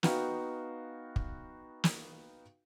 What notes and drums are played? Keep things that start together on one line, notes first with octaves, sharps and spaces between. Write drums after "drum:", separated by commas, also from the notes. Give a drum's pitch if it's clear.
B3 D#4 F#4 F5 G5, drum: snare
drum: kick
drum: snare